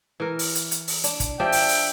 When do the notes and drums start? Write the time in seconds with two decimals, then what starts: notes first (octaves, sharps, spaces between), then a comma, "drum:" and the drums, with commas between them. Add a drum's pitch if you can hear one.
0.20 E3 A#4
0.39 drum: open hi-hat
0.55 drum: hi-hat
0.71 drum: hi-hat
0.88 drum: open hi-hat
1.04 D4, drum: hi-hat
1.20 drum: kick, hi-hat
1.40 F3 D4 G4 E5 G5
1.52 drum: open hi-hat
1.69 drum: open hi-hat